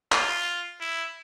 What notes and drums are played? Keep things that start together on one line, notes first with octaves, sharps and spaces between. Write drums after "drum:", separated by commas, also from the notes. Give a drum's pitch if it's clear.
F4, drum: clap
E4